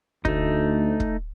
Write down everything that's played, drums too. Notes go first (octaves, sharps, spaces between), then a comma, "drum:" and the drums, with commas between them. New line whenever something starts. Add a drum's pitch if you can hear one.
D2 A3 D#4, drum: kick
drum: kick